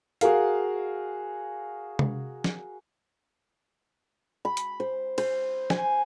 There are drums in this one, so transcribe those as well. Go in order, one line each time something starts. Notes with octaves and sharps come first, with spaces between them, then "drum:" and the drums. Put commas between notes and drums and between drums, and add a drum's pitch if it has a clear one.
F#4 G#4 A#4 F5, drum: hi-hat
drum: tom
drum: snare
B5
drum: hi-hat
C5
C5, drum: cymbal
G#5, drum: snare